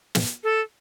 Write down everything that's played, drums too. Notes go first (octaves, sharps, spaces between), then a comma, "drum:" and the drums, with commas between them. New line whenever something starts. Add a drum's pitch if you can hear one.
drum: snare
A4